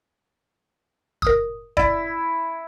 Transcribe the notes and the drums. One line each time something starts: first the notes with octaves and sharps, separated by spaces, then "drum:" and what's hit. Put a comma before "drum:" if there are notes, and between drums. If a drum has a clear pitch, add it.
A#4 D#6, drum: kick
E4 D5, drum: kick